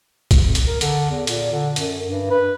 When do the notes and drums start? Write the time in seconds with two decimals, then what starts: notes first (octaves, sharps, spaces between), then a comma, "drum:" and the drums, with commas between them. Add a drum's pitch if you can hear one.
0.31 drum: kick, hi-hat
0.45 F2
0.55 drum: hi-hat
0.66 A#4
0.81 D3, drum: hi-hat
1.11 E2
1.27 A#2, drum: hi-hat
1.52 D3
1.76 F#2, drum: hi-hat
2.08 G2
2.31 B4